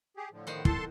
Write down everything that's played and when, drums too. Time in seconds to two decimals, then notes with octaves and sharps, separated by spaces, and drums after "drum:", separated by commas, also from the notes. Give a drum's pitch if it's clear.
0.17 G4 G#4
0.32 A2 D3 F3
0.47 D#3 C5 F#5
0.65 E4 A4 A5 C6 E6, drum: kick